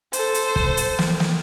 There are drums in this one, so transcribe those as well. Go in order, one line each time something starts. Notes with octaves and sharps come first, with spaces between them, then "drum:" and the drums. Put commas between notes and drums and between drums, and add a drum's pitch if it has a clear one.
A4 C5, drum: hi-hat
drum: hi-hat
drum: kick
drum: hi-hat
drum: snare
drum: snare